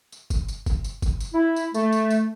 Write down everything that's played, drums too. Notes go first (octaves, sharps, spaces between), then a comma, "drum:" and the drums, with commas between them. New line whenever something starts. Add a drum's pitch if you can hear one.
drum: tambourine
drum: kick, tambourine
drum: tambourine
drum: kick, tambourine
drum: tambourine
drum: kick, tambourine
drum: tambourine
E4
drum: tambourine
A3, drum: tambourine
drum: tambourine
drum: tambourine